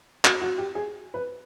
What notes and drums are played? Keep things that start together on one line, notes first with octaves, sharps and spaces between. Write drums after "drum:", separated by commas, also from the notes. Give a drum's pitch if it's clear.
F#4, drum: clap
F#4
G4
G#4
B4